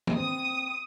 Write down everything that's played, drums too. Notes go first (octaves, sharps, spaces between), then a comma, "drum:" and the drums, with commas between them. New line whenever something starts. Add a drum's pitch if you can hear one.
drum: tom D#3
C4 D#6